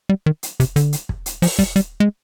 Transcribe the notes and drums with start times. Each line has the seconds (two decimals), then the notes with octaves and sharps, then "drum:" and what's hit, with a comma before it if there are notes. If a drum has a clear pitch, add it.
0.09 G3
0.26 D#3
0.43 drum: hi-hat
0.60 C3, drum: kick, hi-hat
0.76 D3, drum: hi-hat
0.93 drum: hi-hat
1.09 drum: kick
1.26 drum: hi-hat
1.42 F3, drum: open hi-hat
1.59 G3, drum: kick, hi-hat
1.76 G3, drum: hi-hat
2.00 G#3